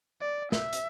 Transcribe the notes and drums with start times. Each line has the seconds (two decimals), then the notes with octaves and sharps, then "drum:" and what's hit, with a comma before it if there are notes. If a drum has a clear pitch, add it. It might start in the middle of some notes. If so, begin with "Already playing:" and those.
0.21 D5
0.52 E5, drum: snare
0.73 drum: hi-hat